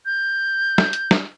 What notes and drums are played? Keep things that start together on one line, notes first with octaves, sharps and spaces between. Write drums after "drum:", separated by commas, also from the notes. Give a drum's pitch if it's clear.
G6
drum: snare
drum: hi-hat
drum: snare